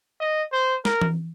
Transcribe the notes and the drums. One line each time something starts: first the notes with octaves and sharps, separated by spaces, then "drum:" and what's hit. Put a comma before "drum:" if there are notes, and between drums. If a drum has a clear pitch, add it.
D#5
C5
A#4, drum: snare
drum: tom E3